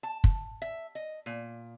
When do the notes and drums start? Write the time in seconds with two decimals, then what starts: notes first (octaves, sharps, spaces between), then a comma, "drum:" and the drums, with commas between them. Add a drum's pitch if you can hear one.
0.03 A5
0.24 drum: kick
0.62 E5
0.95 D#5
1.26 A#2